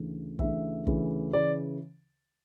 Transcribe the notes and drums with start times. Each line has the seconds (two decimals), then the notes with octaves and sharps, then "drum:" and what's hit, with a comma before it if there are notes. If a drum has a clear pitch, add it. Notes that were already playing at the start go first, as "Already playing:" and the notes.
Already playing: D2 C#3 E3
0.39 D2 C#3 E3 E5, drum: kick
0.87 D2 C#3 E3, drum: kick
1.33 C#3 E3 D5